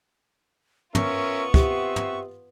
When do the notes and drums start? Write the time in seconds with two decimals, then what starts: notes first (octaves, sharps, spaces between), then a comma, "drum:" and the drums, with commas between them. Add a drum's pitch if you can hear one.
0.95 B3 C#4 F4 A#4 E5 C#6, drum: tom
1.54 C4 G4 E5 F#5, drum: kick
1.96 drum: tom